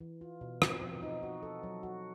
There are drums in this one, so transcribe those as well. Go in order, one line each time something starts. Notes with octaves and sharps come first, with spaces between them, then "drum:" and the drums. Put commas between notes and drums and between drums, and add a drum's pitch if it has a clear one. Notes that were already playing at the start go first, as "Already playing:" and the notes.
E3
F4
B2
C4, drum: rim click
F3
D#4
F#4
A4
F#3
F#4